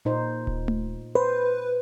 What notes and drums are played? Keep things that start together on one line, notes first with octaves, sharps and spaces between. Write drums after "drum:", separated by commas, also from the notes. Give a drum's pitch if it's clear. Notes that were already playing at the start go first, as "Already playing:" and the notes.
A#2 D#4 C5
drum: kick D1
drum: tom A3
B4 C5